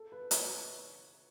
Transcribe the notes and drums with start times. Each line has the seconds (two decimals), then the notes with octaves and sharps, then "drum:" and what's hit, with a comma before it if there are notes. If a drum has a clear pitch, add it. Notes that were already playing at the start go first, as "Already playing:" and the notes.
Already playing: A4
0.12 B4
0.31 C#5, drum: hi-hat